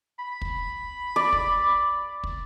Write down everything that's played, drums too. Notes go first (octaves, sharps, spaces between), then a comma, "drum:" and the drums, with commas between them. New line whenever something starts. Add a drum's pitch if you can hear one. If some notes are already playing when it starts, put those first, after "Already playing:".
B5
drum: kick
D5
drum: kick
drum: kick